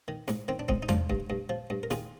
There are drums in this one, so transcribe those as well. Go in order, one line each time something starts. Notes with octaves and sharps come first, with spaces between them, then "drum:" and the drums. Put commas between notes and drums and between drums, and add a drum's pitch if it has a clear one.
D#3
G#2, drum: snare
D#3 C4
D4
G#2 C4 D#4, drum: kick C#1
D#4
G#2 D4 F4, drum: tom E2
G2, drum: kick C#1
G2
F3
G2
A#4
D#3 F4 G#4, drum: snare